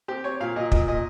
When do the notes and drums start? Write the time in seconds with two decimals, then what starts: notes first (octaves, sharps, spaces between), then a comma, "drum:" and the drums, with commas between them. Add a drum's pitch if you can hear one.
0.08 C4 G4
0.24 C4 C#5
0.40 A#2 F5
0.56 A#2 D#5
0.72 A#2 D#5, drum: kick
0.88 A#2 D#5